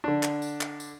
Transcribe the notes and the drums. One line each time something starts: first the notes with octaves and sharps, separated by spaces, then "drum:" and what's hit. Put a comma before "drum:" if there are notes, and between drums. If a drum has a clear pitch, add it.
D3 D4
drum: clap
drum: tambourine
drum: clap
drum: tambourine